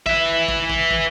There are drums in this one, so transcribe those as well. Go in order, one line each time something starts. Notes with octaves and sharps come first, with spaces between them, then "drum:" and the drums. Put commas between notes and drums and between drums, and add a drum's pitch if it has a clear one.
B4 E5, drum: kick
drum: kick
drum: kick
drum: kick